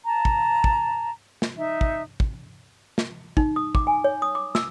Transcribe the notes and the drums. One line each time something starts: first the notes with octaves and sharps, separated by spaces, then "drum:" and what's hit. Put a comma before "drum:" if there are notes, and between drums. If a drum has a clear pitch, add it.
A5 A#5
drum: kick
drum: kick
drum: snare
D#4 E5
drum: kick
drum: kick
drum: snare
D#4, drum: kick
D#6
D6, drum: kick
G#5
C#5
D#6
D6
E6, drum: snare